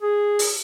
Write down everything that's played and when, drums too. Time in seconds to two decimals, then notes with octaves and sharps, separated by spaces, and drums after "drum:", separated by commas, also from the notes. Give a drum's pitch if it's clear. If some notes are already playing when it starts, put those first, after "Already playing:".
0.02 G#4
0.39 drum: open hi-hat